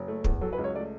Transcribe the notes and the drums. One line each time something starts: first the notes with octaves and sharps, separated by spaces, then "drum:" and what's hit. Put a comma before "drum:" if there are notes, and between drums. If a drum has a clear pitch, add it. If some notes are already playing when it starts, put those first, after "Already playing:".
Already playing: F#1
A3
E2, drum: kick
F#3 A4
B4
C#2
C#5
A3 D5